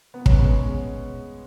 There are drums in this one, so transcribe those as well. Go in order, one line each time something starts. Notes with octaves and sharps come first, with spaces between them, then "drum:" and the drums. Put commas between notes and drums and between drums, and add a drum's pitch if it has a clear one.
B3
C#4, drum: kick
G#3 B3